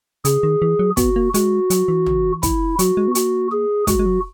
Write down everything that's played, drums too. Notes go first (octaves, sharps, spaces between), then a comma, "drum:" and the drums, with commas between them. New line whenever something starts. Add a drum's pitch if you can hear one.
C#3 G#4, drum: hi-hat
D#3
E3
F#3
B3 F#4, drum: kick, hi-hat
A#3
G#3 F#4, drum: hi-hat
F#3, drum: hi-hat
E3
drum: tom
E4, drum: kick, hi-hat
F#3 F#4, drum: hi-hat
G#3
B3
A#3 F#4, drum: hi-hat
G#4
G#3 F#4, drum: kick, hi-hat
G#3
F#3